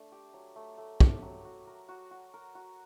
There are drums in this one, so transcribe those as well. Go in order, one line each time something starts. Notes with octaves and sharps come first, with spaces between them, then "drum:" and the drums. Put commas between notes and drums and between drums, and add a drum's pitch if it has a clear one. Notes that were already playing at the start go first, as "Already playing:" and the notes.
Already playing: A3 D4
G4
F#3
A3
A3
G4, drum: kick
F#3
F#4
A#4
F#4
F#4
A#4
F#4